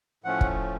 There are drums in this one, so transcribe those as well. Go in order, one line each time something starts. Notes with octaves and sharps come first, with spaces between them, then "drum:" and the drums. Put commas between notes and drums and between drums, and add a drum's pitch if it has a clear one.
A2 F3 A3 C#4 F#5
drum: kick